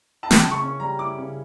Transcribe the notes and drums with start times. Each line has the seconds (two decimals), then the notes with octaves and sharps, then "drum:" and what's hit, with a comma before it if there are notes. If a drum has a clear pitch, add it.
0.23 E4 A5
0.31 G5, drum: snare
0.40 C#3 A5
0.51 C#6
0.61 C#4
0.80 G3 A#5
0.99 E4 D6
1.18 C#3